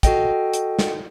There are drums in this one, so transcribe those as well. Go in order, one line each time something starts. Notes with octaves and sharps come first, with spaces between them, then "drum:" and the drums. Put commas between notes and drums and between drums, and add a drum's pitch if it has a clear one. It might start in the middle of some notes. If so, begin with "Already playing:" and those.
F#4 A4 D#5 G5, drum: kick, hi-hat
drum: hi-hat
drum: snare